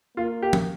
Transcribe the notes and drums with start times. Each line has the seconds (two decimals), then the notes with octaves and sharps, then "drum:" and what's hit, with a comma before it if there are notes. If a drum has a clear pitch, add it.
0.17 A#3 F4
0.42 G4
0.53 drum: tom